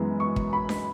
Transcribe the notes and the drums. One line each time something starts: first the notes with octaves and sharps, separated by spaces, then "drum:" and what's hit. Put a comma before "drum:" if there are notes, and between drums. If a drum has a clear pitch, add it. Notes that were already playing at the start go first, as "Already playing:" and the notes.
Already playing: F#2 E3 G#3 B3
C#6
drum: kick
B5
drum: snare D4